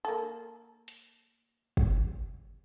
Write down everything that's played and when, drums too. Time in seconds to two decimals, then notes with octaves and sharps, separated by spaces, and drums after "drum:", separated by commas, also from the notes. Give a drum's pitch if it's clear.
0.05 A#3 A4
0.88 drum: hi-hat
1.77 drum: kick